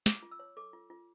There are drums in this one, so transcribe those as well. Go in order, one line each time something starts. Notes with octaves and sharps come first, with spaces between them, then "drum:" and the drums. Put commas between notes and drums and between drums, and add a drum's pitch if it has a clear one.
F4 D6, drum: snare
F4
E6
C#5
A4 D6
F4
F4